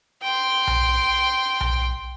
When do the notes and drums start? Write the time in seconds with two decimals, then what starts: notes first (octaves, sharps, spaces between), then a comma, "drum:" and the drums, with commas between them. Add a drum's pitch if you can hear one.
0.23 G5 C6
0.67 drum: tom B1
1.61 drum: tom B1